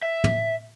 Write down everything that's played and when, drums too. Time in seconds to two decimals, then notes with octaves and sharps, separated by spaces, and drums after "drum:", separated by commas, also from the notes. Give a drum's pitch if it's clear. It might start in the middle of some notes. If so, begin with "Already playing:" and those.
0.02 E5
0.24 drum: tom